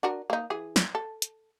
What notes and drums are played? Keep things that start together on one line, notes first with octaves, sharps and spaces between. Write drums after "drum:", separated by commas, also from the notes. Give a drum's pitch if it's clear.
D4 F#4 A#4
A#3 D#4
E3 G#4
drum: snare
A4
drum: hi-hat